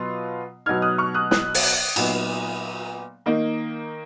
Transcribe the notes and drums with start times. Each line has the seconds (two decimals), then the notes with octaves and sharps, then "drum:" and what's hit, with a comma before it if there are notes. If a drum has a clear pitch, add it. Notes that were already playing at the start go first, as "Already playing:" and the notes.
Already playing: B2 F#3 B3 F4
0.66 B2 F#3 B3 D#4 F6 G#6
0.82 D#6 F#6
0.98 C#6 F6
1.14 D#6 F#6
1.31 D#6 F#6, drum: snare
1.54 drum: open hi-hat
1.96 A#2 F#3 B3 D#4, drum: cymbal
3.26 D#3 A#3 D#4